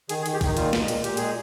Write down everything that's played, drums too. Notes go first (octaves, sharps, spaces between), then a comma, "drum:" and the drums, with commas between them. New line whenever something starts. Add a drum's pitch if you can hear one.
D#3 G#4, drum: hi-hat
G#4
D#3, drum: hi-hat
G4
D#3 D#4, drum: kick, open hi-hat
A#2 F4, drum: hi-hat
G#3, drum: snare
A#2, drum: hi-hat
A#2 G4, drum: hi-hat
G#3 G#4, drum: hi-hat